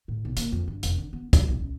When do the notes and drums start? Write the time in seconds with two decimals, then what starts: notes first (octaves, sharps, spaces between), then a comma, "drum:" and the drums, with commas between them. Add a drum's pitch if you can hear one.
0.08 A2
0.25 B1
0.37 A#3, drum: hi-hat
0.52 F2
0.68 G2
0.83 F1, drum: hi-hat
0.98 D3
1.13 B3
1.33 F#3, drum: kick, hi-hat
1.48 B1
1.60 C#2